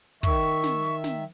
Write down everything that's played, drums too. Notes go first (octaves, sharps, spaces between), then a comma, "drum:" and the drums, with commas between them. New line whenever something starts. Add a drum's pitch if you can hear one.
D#3 E5 C#6, drum: kick, hi-hat
drum: snare
drum: hi-hat
drum: snare